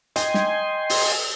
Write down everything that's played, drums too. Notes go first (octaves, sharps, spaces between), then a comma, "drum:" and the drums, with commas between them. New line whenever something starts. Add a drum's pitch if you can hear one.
D#5 G5 G#5 C6, drum: hi-hat
drum: snare
drum: open hi-hat